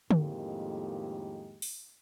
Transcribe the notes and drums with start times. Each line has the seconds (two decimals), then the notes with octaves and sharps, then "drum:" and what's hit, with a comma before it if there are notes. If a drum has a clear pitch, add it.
0.11 F2 A2 D#3 G#3 A#3 G4, drum: tom D3
1.62 drum: open hi-hat